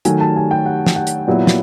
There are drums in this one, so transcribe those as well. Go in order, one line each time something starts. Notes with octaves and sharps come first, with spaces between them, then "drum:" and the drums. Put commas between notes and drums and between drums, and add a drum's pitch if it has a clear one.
D#3 F#3 A3 G#5, drum: hi-hat
A5
G#5
G5
F#5
drum: snare
F#5
drum: hi-hat
A#2 F#3 B3 E4
drum: snare